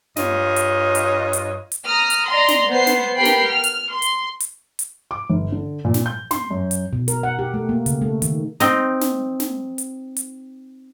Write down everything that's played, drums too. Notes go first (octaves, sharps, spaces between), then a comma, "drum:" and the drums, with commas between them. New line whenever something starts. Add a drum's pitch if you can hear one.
G2 F4 C#5 D#5, drum: snare
drum: hi-hat
drum: hi-hat
drum: hi-hat
drum: hi-hat
A#5 D#6 F6
drum: hi-hat
D5 D#5 A#5 C6
drum: snare
B3 C5 C7
drum: snare
B3 G4 A#4 G5 B5 C7
drum: snare
F6
drum: hi-hat
C6
drum: hi-hat
drum: hi-hat
drum: hi-hat
D6
G1
D3
A#2
drum: snare
G6
C6, drum: snare
F#2
drum: hi-hat
B2
A#4, drum: hi-hat
F#5
G4
A3
A#3
C#3, drum: hi-hat
A3
D#3, drum: hi-hat
C4 D#4, drum: snare
drum: snare
drum: snare
drum: hi-hat
drum: hi-hat